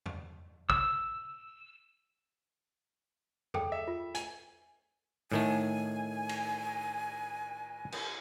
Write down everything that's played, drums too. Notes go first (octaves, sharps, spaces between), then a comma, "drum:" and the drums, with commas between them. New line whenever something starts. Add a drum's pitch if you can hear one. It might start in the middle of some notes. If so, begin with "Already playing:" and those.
drum: tom E2
E6, drum: kick
G#4 A4 G5, drum: tom E2
E5
F4
G#5, drum: hi-hat
A2 D#3 A3 G#5
drum: cymbal
drum: cymbal